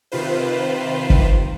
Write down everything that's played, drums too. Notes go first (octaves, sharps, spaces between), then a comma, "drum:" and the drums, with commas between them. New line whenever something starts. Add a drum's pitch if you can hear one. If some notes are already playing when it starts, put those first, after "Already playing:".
C3 D#3 F4 B4 C5
drum: kick